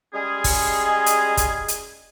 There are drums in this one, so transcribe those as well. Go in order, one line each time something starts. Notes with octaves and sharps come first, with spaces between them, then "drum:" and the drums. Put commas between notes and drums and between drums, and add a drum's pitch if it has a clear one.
G3 G#3 C#4 G#4
drum: kick, open hi-hat
drum: hi-hat
drum: kick, hi-hat
drum: hi-hat